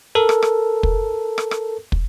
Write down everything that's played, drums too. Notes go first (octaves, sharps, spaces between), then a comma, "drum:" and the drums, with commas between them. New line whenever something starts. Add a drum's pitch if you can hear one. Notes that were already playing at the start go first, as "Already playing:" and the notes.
A4 A#4
drum: rim click
drum: rim click
drum: kick
drum: rim click
drum: rim click
drum: kick